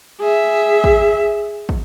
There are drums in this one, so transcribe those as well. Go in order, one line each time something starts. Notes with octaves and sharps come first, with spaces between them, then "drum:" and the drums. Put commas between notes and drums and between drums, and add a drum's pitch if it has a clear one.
G#4 E5
drum: kick
drum: kick